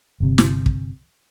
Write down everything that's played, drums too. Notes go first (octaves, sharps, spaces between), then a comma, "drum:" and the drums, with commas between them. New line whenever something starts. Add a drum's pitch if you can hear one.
G1 C3
drum: snare
drum: kick